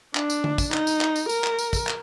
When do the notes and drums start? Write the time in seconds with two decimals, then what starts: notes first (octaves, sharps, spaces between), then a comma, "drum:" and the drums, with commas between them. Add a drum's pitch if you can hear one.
0.15 D4, drum: clap
0.30 drum: tambourine
0.44 drum: tom D3
0.58 drum: kick, tambourine
0.72 D#4, drum: clap
0.87 drum: tambourine
1.01 drum: clap
1.16 drum: tambourine
1.29 A#4, drum: tambourine
1.44 drum: clap
1.59 drum: tambourine
1.73 drum: kick, tambourine
1.87 drum: clap